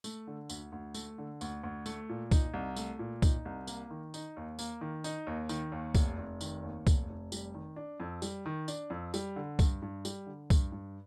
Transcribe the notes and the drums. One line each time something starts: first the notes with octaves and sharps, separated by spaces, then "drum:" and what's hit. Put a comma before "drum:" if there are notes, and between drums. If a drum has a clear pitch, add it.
A3, drum: tambourine
D3
D2, drum: tambourine
D2
A3, drum: tambourine
D3
D2, drum: tambourine
D2
A3, drum: tambourine
A#2
D#4, drum: kick, tambourine
C2
A3, drum: tambourine
A#2
D#4, drum: kick, tambourine
C2
A#3, drum: tambourine
D#3
D#4, drum: tambourine
D#2
A#3, drum: tambourine
D#3
D#4, drum: tambourine
D#2
D#3, drum: tambourine
D#2
F1, drum: kick, tambourine
F1
D#3, drum: tambourine
D#2
F1, drum: kick, tambourine
F1
G3, drum: tambourine
D#3
D4
F2
G3, drum: tambourine
D#3
D4, drum: tambourine
F2
G3, drum: tambourine
D3
G2, drum: kick, tambourine
G2
G3, drum: tambourine
D3
G2, drum: kick, tambourine
G2